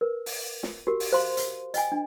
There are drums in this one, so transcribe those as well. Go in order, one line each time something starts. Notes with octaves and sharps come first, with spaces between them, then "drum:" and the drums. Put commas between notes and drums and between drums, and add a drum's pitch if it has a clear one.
A#4 B4
drum: open hi-hat
drum: snare
F#4 G4 A#4
drum: open hi-hat
C5 F5 C6
drum: hi-hat
D#5 G5 G#5, drum: hi-hat
D4